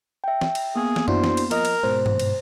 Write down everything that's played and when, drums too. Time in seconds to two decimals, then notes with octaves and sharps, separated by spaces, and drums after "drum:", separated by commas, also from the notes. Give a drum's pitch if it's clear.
0.24 E5 G5
0.41 drum: snare
0.55 drum: cymbal
0.75 A#3 B3 G#4
0.96 drum: snare
1.08 D4 E4 F#4 C5, drum: tom F#2
1.24 drum: snare
1.37 drum: cymbal
1.51 F3 A#4 D#5, drum: cymbal
1.65 drum: cymbal
1.83 G#2 B2 C5
2.06 drum: tom G2
2.19 drum: cymbal